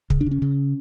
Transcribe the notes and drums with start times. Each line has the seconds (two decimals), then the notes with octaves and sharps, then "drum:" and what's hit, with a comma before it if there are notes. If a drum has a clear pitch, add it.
0.10 C#3, drum: kick
0.21 D4
0.26 C#3 C#4
0.42 C#3